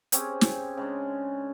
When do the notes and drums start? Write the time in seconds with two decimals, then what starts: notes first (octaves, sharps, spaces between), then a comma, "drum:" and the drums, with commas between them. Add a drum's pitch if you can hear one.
0.12 C4 C#4 G4 G#4, drum: hi-hat
0.41 drum: snare
0.77 C#3 G#3 C#4 D4